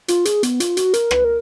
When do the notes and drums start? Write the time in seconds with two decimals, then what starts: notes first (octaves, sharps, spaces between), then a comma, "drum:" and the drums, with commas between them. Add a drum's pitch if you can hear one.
0.08 F4, drum: hi-hat
0.25 G#4, drum: hi-hat
0.43 B3, drum: hi-hat
0.60 F4, drum: hi-hat
0.77 F#4, drum: hi-hat
0.94 A#4, drum: hi-hat
1.11 B4, drum: rim click
1.24 A#4